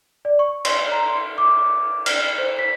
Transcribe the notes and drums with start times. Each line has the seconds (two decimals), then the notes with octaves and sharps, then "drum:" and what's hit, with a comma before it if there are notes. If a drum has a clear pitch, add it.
0.25 D5
0.39 C#6
0.65 C6, drum: cymbal
0.92 A#5
1.08 C6
1.38 D6
1.58 D6
2.06 F6, drum: cymbal
2.38 C5
2.59 B6